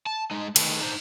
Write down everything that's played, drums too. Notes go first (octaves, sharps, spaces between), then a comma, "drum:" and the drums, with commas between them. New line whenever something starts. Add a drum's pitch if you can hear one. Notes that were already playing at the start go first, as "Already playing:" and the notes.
A5
G#3 D#4
D#3 A3 G#4 A4 B4, drum: cymbal
D4 D#4 C5